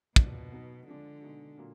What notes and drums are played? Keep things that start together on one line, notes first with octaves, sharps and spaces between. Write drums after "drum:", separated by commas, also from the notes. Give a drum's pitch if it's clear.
B2 F3 A#3 D4 F#4, drum: kick
F#3 B3 D#4 F#4
D3 F3 G#3 D4
B2 G#3 D#4 F#4
A#2 F#3 A#3